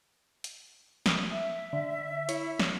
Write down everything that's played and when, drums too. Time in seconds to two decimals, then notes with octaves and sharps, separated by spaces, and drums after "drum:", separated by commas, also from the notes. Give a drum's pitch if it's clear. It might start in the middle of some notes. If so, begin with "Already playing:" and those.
0.44 drum: hi-hat
1.06 drum: snare
1.31 E5
1.73 D3
2.29 E4 C#5, drum: hi-hat
2.59 drum: snare